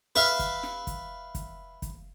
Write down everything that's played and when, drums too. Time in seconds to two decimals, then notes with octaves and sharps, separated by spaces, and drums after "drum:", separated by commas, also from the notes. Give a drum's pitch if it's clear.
0.16 B4 E5 F5, drum: snare
0.39 drum: kick, hi-hat
0.63 drum: snare
0.87 drum: kick, hi-hat
1.35 drum: kick, hi-hat
1.82 drum: kick, hi-hat